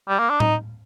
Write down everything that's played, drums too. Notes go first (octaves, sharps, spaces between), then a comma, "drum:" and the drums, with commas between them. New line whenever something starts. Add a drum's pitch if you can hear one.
G3
A#3
D4
D#4, drum: tom A2